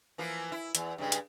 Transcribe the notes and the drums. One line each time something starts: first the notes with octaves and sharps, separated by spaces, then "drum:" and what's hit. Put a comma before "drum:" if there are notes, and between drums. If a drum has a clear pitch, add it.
E3 F3 A#3
E4
E2, drum: hi-hat
G2 C#3 G#3
drum: hi-hat